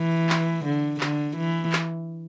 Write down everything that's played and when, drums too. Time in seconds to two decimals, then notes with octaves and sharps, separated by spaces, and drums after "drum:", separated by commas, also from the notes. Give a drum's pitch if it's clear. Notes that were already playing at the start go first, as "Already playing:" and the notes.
Already playing: E3
0.30 drum: clap
0.65 D3
1.00 D3, drum: clap
1.37 E3
1.72 drum: clap